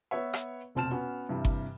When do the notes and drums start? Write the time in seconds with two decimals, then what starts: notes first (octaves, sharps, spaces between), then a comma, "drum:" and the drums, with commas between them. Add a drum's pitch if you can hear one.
0.11 B3 B4 C#5 E5
0.33 drum: rim click
0.75 F1 B2 C4 A5 F6 E7
0.91 B3 C#4 F#4
1.29 G2 C3 E3 G3
1.45 drum: kick G1